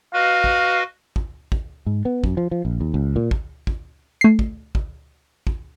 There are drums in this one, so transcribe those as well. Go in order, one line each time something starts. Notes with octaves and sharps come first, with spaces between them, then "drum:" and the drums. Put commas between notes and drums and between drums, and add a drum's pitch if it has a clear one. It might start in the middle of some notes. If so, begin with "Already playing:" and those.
F#4 B4 D#5 F5
drum: kick
drum: kick
drum: kick
G#2
B3
F#2, drum: kick
F3
F3
A#1
D#2
C#2
A#2
drum: kick
drum: kick
A3 C7
drum: kick
drum: kick
drum: kick